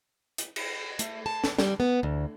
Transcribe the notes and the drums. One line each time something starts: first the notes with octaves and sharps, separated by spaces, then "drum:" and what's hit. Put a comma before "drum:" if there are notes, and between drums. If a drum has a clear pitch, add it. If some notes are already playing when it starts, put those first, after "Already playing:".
drum: hi-hat
drum: cymbal
A3, drum: hi-hat
A5
drum: snare
G3, drum: snare
B3
D2